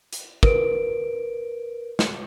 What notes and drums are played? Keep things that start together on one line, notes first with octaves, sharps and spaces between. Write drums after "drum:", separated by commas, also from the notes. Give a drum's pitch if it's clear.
drum: hi-hat
A#4 B4 D7, drum: kick
drum: snare